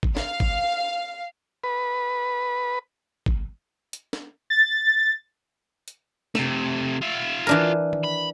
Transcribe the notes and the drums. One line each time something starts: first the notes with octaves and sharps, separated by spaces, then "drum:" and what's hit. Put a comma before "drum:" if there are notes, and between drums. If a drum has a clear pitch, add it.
drum: kick
F5, drum: snare
drum: kick
B4
drum: kick
drum: hi-hat
drum: snare
A6
drum: hi-hat
C3 A3, drum: snare
F4 E5
E3 D4 A#4
drum: tom D#3
B5